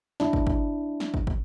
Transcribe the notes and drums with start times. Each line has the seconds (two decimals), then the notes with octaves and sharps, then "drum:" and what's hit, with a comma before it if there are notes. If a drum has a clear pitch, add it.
0.20 D4 E4, drum: snare
0.33 drum: kick
0.47 drum: kick
1.00 drum: snare
1.14 drum: kick
1.27 drum: kick